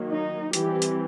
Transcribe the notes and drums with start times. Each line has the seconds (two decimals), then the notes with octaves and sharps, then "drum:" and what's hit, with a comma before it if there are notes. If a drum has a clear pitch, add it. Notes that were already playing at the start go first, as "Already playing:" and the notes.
Already playing: D#3 F#3 A#3
0.10 D#4
0.53 E3 G3 C4 G4, drum: hi-hat
0.82 drum: hi-hat